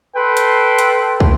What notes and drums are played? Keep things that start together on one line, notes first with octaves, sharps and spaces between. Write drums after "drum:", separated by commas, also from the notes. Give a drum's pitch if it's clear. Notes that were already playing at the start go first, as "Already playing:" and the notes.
A4 B4 G5 C6
drum: hi-hat
drum: hi-hat
drum: kick